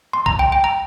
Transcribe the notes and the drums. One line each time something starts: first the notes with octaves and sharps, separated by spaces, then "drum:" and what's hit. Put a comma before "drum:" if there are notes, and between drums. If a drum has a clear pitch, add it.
C6
A#5, drum: kick C2
G5
G5
A#5